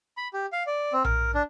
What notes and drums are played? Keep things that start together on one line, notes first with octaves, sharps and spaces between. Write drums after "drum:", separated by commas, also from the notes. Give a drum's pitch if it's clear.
B5
G4
F5
D5
C4
A#4, drum: tom A#1
D4